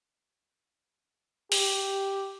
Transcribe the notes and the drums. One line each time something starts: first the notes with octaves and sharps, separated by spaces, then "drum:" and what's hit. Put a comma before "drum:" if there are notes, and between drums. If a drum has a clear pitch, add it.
G4, drum: open hi-hat